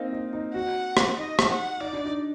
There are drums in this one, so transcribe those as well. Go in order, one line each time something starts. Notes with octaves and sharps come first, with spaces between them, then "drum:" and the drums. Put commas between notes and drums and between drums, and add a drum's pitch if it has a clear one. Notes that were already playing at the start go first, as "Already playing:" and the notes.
Already playing: A#3 C4 D#4
D#4
D#4
F#4 F#5
drum: rim click
D#4 D#5
drum: rim click
F#5
D#4 D5
D4
D#4